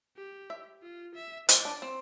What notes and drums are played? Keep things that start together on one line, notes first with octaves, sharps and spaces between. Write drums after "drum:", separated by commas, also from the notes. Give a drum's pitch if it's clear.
G4
E5
F4
E5
C5 D5, drum: hi-hat
D4
C4